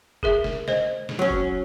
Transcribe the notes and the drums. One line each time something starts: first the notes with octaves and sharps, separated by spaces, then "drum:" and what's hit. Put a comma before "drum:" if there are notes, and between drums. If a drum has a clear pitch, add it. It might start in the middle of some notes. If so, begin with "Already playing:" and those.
G#4 A#4 E5, drum: kick F1
drum: snare
C5 D#5, drum: snare
drum: snare
F#3 C#4
drum: kick F1